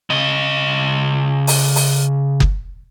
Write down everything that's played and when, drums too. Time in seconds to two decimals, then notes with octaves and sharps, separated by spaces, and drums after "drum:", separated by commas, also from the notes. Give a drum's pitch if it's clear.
0.10 C#3 D#5
1.47 drum: open hi-hat
1.75 drum: open hi-hat
2.40 drum: kick F#1